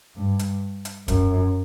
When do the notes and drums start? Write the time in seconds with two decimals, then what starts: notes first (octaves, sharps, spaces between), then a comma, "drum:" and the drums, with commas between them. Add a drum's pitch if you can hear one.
0.17 G2
0.39 drum: hi-hat
0.85 drum: hi-hat
1.08 F#2, drum: kick, hi-hat